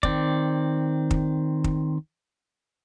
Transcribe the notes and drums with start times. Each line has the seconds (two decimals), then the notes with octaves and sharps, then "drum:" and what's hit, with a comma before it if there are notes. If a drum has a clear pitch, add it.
0.03 D#3 C4 D5, drum: kick
1.11 drum: kick
1.64 drum: kick